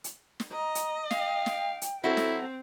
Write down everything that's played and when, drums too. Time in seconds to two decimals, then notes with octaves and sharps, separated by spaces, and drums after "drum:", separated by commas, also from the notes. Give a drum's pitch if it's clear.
0.04 drum: hi-hat
0.40 drum: snare
0.52 D#5 A#5
0.75 drum: hi-hat
1.11 F5 G5, drum: snare
1.46 drum: snare
1.82 drum: hi-hat
2.04 F#3 C4 E4 F#4 A4
2.17 drum: snare